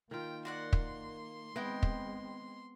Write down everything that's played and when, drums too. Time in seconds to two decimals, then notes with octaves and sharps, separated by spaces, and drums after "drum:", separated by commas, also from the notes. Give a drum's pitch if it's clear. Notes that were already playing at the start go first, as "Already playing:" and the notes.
0.11 D#3 A#3 F4 G5
0.45 F#4 D5 F#5 C6
0.73 drum: kick
1.56 G#3 B3 C4 E4 D#5 G5
1.83 drum: kick